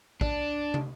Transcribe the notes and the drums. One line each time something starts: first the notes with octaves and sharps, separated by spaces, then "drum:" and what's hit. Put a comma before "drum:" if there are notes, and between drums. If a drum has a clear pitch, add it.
D4, drum: kick
drum: tom